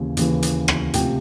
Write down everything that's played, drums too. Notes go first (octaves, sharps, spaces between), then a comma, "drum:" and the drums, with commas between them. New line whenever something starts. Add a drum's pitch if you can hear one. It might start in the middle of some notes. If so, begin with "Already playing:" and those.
Already playing: D#2 C#3 E3
D#2 C#3 E3, drum: hi-hat
drum: hi-hat
drum: rim click
D2 C3 F3 G5, drum: hi-hat